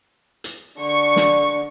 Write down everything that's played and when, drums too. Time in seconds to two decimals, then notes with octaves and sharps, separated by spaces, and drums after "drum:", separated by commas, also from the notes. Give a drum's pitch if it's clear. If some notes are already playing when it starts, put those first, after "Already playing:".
0.44 drum: hi-hat
0.80 D3 C#6
1.16 drum: snare